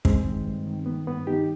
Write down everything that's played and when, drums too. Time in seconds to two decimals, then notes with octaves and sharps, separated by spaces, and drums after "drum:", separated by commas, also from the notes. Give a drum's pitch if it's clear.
0.05 G2 G#3 C4, drum: kick
0.26 D#3
0.45 G2
0.66 D#3
0.86 D#3 B3
1.07 G2 B3
1.27 D#3 D#4 G4